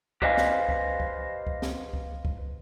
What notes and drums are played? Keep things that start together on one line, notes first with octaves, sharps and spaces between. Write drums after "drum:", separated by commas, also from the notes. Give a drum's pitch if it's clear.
G4 B4 C5 D#5 F5 G#5, drum: kick C#2
drum: snare
drum: kick C#2
drum: kick C#2
drum: kick C#2
drum: snare
drum: kick C#2
drum: kick C#2